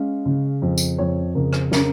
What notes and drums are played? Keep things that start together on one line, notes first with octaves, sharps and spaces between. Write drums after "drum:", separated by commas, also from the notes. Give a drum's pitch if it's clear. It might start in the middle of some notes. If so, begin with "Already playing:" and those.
Already playing: G#3 C#4 F5
C#3
F2
drum: tambourine
F2 C#5
C#3 A#4
drum: rim click
C#4 A#4, drum: snare